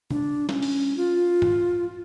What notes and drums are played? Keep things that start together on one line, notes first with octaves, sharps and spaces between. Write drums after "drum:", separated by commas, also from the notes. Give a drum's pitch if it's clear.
D4, drum: tom
C#4, drum: snare
drum: open hi-hat
F4
drum: tom